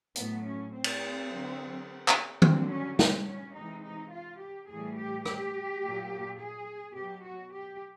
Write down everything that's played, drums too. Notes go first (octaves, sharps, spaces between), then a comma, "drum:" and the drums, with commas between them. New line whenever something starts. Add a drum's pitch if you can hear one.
A2 F#3 B3, drum: hi-hat
C#4
C4
drum: cymbal
D3 F#3
drum: clap
D3 F#3 C4, drum: tom D#3
C#4
C4, drum: snare
C#4
C3 E3 G#3 D#4
D#4
F4
G4
A2 E3 G3 G#4
G4
G4, drum: rim click
A#2 F#3
G#4
B2 F#3 G4
F#4
G4